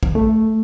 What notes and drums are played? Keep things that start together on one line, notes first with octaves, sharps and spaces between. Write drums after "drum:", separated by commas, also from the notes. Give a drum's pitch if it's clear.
drum: kick
A3